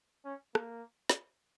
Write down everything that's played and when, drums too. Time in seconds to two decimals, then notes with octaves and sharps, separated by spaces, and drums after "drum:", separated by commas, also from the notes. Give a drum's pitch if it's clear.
0.25 C#4
0.55 A#3, drum: rim click
1.09 drum: snare